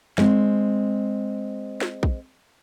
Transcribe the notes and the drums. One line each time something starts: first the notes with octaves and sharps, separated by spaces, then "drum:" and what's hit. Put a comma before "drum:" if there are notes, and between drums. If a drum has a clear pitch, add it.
G#3 C4, drum: snare
drum: snare
drum: kick